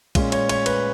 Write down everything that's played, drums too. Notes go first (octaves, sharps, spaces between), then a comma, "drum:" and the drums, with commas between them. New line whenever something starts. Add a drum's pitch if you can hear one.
A#2 G#3 C#4, drum: kick, cymbal
C#5, drum: cymbal
C#5, drum: cymbal
B4, drum: cymbal